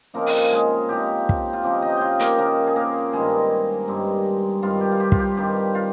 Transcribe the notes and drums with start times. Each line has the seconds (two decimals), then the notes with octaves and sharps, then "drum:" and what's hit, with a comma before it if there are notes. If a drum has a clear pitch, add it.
0.14 C#3 F3 A#3 C4 D#4 A#4
0.26 drum: open hi-hat
0.52 G#3 G#4
0.89 C#3 F3 C4 D#4 G4
1.29 drum: kick
1.53 F4
1.64 C#3 F3 C4 D#4 G4
1.82 D#4 D#5
1.97 F4 F5 G5
2.19 A#3 A#4, drum: hi-hat
2.38 C#3 F3 A#3 C4 D#4 A#4
2.67 G#4
2.76 A#3 A#4
3.13 G2 D#3 G3 G#3 C4 G#4
3.88 G2 D#3 G3 C4
4.62 G2 D#3 G3 C4 F4
4.81 G4
4.92 F4
5.00 G4
5.12 F4, drum: kick
5.19 G4
5.37 G2 D#3 G3 C4 G4
5.75 F4